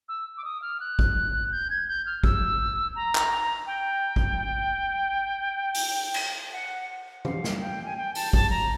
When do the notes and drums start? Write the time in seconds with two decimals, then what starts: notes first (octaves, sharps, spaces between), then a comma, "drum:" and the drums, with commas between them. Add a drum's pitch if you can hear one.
0.09 E6
0.37 D6
0.44 D#6
0.62 F6
0.80 F#6
0.99 drum: kick
1.52 G6
1.70 G#6
1.88 G6
2.06 F6
2.24 E6, drum: kick
2.96 A#5
3.15 drum: clap
3.67 G5
4.16 drum: kick
5.74 drum: open hi-hat
6.14 drum: cymbal
6.53 F#5
7.25 F5, drum: tom E3
7.44 drum: snare
7.61 G5
7.85 G#5
7.97 G5
8.15 A5, drum: open hi-hat
8.33 A5, drum: kick
8.50 A#5